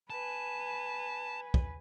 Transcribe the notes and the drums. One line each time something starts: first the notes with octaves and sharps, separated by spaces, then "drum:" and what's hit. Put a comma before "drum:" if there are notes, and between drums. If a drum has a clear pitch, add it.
B4 G#5 A5
drum: kick